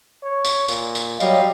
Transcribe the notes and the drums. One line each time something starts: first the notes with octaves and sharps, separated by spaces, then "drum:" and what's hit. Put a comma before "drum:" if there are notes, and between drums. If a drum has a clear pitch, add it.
C#5
drum: tambourine
A#2, drum: tambourine
drum: tambourine
F#3 G3 D#5 F5, drum: tambourine